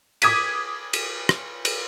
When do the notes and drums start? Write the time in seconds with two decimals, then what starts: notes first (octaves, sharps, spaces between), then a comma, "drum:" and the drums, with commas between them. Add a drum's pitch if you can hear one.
0.22 D6 D#6 G#6 B6 D#7, drum: cymbal
0.93 drum: cymbal
1.29 drum: rim click
1.65 drum: cymbal